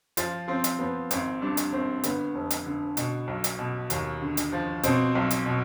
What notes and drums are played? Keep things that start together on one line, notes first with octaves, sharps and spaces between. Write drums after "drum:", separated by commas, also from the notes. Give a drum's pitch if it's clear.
F3 F4, drum: hi-hat
F3 C4
drum: hi-hat
F3 B3
G#1 C4, drum: hi-hat
G2 D4
drum: hi-hat
G#1 C4
D3 B3, drum: hi-hat
F1
drum: hi-hat
D3
B2, drum: hi-hat
B1
drum: hi-hat
B2
D#2, drum: hi-hat
D3
drum: hi-hat
F3
B2 C4, drum: hi-hat
B1
drum: hi-hat
B2